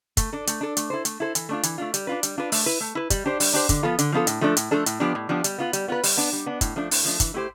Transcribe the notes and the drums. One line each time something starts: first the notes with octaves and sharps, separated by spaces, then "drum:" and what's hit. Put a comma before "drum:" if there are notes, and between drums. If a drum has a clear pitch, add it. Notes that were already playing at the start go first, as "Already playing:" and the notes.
A3, drum: kick, hi-hat
D4 A4
A3, drum: hi-hat
D4 A4
A3, drum: hi-hat
E4 A4 C5
A3, drum: hi-hat
E4 A4 C5
E3, drum: hi-hat
A3 D4 F4
E3, drum: hi-hat
A3 D4 F4
G3, drum: hi-hat
D4 F4 B4
G3, drum: hi-hat
D4 F4 B4
A3, drum: open hi-hat
E4 B4
A3
E4 B4
G3, drum: kick, hi-hat
D4 G4 C5
G3, drum: open hi-hat
D4 G4 C5
D3, drum: kick, hi-hat
F3 B3 F4 A4
D3, drum: hi-hat
F3 B3 F4 A4
A2, drum: hi-hat
F3 A3 D4 A4
A2, drum: hi-hat
F3 A3 D4 A4
A2, drum: hi-hat
F3 B3 D4 G4
A2
F3 B3 D4 G4
G3, drum: hi-hat
B3 F4 B4
G3, drum: hi-hat
B3 F4 B4
G3, drum: open hi-hat
B3 D4
G3
B3 D4
A2, drum: kick, hi-hat
F3 A3 D4
A2, drum: open hi-hat
F3 A3 D4
E3, drum: kick, hi-hat
A3 E4 G4 C5